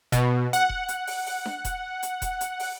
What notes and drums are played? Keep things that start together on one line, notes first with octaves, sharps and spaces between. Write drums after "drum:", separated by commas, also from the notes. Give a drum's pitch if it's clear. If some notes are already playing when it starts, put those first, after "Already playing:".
B2, drum: kick E1, hi-hat
F#5, drum: hi-hat
drum: kick E1
drum: hi-hat
drum: open hi-hat
drum: open hi-hat
drum: snare D4
drum: kick E1, hi-hat
drum: hi-hat
drum: kick E1, hi-hat
drum: hi-hat
drum: open hi-hat